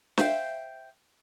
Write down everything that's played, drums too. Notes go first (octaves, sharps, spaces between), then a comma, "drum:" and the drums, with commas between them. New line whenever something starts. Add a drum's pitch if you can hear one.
C5 E5 F5 G5, drum: snare